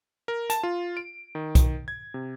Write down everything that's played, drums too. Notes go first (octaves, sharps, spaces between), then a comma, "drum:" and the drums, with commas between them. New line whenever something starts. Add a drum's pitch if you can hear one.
A#4
A5, drum: hi-hat
F4
D7
D#3
drum: kick B1, hi-hat
G#6
C3